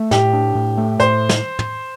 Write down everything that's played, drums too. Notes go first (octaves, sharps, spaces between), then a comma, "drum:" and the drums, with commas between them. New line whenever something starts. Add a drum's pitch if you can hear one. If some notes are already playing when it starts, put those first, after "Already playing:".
Already playing: A3
A2 G4, drum: snare
D4
A2
A3
A2 C5, drum: hi-hat
drum: snare
drum: tom